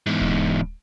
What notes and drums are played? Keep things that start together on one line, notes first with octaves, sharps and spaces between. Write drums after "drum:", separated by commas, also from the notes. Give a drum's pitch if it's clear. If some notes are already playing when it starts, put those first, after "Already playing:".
E2 G#2
drum: kick D1